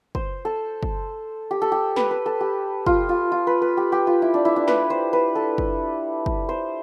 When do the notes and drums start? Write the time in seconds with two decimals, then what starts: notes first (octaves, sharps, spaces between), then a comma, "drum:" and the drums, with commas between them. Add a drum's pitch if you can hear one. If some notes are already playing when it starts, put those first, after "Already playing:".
0.15 C5, drum: kick
0.45 A4
0.83 drum: kick
1.51 G4
1.62 A4
1.72 G4
1.96 B4, drum: snare
2.11 B4
2.26 A4
2.41 G4
2.86 F4, drum: kick
3.09 F4
3.32 F4
3.47 B4
3.62 B4
3.77 G4
3.92 G4
4.07 F4
4.22 E4
4.34 D4
4.45 E4
4.56 D4
4.68 B4, drum: snare
4.90 C5
5.13 B4
5.35 A4
5.58 drum: kick
6.26 drum: kick
6.49 C5